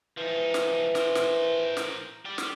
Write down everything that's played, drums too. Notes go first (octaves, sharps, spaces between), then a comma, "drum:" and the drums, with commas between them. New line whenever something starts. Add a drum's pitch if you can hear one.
E3 F3 D#4
drum: snare
A#4 C5, drum: snare
drum: snare
drum: snare
G4 D5
drum: snare